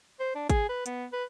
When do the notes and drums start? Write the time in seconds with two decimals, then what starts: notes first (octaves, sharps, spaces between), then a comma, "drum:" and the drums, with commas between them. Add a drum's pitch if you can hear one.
0.20 C5
0.35 D4
0.50 G#4, drum: kick G#1, hi-hat
0.69 B4
0.86 B3, drum: hi-hat
1.12 B4